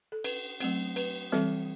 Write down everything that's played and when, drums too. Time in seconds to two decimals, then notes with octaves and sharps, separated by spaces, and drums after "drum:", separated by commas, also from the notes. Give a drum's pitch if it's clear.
0.12 A4
0.24 B4, drum: cymbal
0.60 F#3 A3 C4, drum: cymbal
0.96 B4, drum: cymbal
1.32 E3 G3 C4 A4, drum: snare